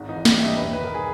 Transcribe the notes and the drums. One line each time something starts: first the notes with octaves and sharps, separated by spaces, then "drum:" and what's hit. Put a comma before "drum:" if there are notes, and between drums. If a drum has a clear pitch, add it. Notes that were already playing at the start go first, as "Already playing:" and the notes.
Already playing: G#1 G#2
E3 D#4
G3 G4, drum: snare
E5
G2
D#5
E1 B4
D#3 B4
A#4
G#4